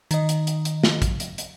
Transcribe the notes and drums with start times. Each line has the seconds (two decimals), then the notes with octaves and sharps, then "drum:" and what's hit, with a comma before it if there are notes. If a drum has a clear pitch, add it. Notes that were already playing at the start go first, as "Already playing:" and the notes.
0.11 D#3 D#5, drum: hi-hat
0.29 drum: hi-hat
0.47 drum: hi-hat
0.65 drum: hi-hat
0.84 drum: snare
1.02 drum: kick, hi-hat
1.20 drum: hi-hat
1.38 drum: hi-hat